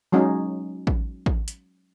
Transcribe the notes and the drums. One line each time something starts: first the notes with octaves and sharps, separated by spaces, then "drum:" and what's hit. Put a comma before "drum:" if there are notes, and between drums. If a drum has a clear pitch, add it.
F#3 G#3 C#4 D#4
drum: kick A1
drum: kick A1
drum: hi-hat